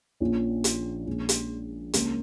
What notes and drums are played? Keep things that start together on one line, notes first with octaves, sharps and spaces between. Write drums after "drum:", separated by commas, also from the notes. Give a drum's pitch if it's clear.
A#1 A#2 F3 C#4
drum: hi-hat
A#1 A#2 G#3 C#4
drum: hi-hat
C#2 C#3 A#3 C#4, drum: hi-hat